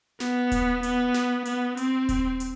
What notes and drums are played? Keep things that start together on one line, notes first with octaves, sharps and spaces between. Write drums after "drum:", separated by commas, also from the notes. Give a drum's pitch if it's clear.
B3, drum: snare
drum: kick D#1, hi-hat
B3, drum: hi-hat
drum: snare
B3, drum: hi-hat
C4, drum: hi-hat
drum: kick D#1, hi-hat
drum: hi-hat